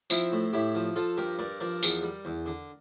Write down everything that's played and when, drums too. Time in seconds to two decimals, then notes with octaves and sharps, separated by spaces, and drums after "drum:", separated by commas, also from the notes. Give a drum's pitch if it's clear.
0.10 F3 C4 E4, drum: tambourine
0.32 A2
0.53 A2 E4 G4
0.75 F3
0.96 F3 F4 A4
1.17 G2 G4 A#4
1.39 G2 A#4 D5
1.60 F3 A#4 D5
1.83 E2, drum: tambourine
2.03 G3
2.25 E2
2.46 D3